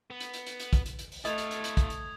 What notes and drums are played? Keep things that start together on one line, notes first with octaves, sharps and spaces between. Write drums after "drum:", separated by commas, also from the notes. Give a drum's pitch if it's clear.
B3
drum: hi-hat
drum: hi-hat
drum: hi-hat
drum: hi-hat
drum: kick, hi-hat
drum: hi-hat
drum: hi-hat
drum: open hi-hat
A3 E4 D#5 F5 D#6 G#6, drum: hi-hat
drum: hi-hat
drum: hi-hat
drum: hi-hat
drum: kick, hi-hat
drum: hi-hat